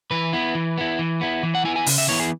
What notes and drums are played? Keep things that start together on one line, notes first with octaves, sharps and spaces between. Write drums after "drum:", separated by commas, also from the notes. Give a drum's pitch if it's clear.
E3 B4
B3 E4
E3
B3 E4
E3
B3 E4
E3
F#5
B3 E4 G#5
G#5
C#3, drum: open hi-hat
E5
E3 B3 E4 C#5
G#4